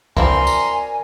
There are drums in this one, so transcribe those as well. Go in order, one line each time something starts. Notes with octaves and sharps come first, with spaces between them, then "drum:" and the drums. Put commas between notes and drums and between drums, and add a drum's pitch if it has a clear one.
F#3 C4 E4 A#4 D5 G#5 A#5 C6, drum: kick C2
drum: tambourine